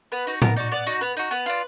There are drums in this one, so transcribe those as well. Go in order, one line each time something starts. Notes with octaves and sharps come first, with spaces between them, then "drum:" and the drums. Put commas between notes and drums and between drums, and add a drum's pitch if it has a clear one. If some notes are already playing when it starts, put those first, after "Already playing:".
B3 B4
D#4 F#4
B3 A#4, drum: tom A2
D#4 F#4 D5
B3 D5
D#4 F#4
B3 B4
D#4 F#4
B3 B4
D4 F4